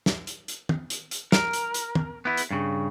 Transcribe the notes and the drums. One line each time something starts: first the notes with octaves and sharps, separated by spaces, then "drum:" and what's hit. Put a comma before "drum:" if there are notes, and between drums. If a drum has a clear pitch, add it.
drum: snare
drum: hi-hat
drum: hi-hat
drum: tom
drum: hi-hat
drum: hi-hat
A#4, drum: snare
drum: hi-hat
drum: hi-hat
drum: tom
B3 E4
drum: hi-hat
G2 C#3